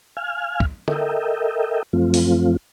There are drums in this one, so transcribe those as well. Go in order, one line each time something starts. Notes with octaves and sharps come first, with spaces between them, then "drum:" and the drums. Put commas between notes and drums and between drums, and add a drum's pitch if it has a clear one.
F5 G#5 F6
drum: kick
A4 A#4 D#5 E5 G5, drum: tom D3
F#2 F3 A3 C4 F4
drum: open hi-hat